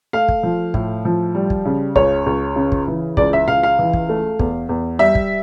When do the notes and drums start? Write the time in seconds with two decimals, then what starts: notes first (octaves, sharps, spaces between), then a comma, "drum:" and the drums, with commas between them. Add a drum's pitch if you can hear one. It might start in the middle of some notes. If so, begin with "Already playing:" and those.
0.13 A3 F5
0.28 drum: kick
0.43 F3
0.74 A2, drum: kick
1.05 F3
1.35 G3
1.50 drum: kick
1.66 C#3
1.96 C#2 C#5, drum: kick
2.26 C#2
2.56 C#3
2.72 drum: kick
2.88 E3
3.17 C#2 D5, drum: kick
3.33 E5
3.48 C#2 F5
3.63 F5
3.79 E3
3.93 drum: kick
4.09 A3
4.39 E2, drum: kick
4.69 E2
4.99 G3 E5
5.15 drum: kick